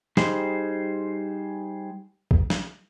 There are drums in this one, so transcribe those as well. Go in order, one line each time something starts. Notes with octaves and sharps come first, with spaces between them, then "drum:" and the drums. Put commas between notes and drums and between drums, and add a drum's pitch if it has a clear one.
G3 D#4 G#4 C5, drum: snare
drum: kick
drum: snare